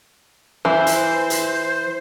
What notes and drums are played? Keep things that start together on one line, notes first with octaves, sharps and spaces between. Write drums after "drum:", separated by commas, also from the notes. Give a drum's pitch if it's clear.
E3 C5
drum: hi-hat
drum: hi-hat